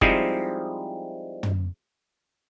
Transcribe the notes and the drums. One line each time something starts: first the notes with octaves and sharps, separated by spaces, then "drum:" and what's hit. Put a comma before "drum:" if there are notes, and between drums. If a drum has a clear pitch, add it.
F3 G3 G#3 C4 D#4 E4, drum: kick F#1
drum: tom